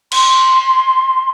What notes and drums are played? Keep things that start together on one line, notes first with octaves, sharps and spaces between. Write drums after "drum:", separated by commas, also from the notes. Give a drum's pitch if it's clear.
C6, drum: cymbal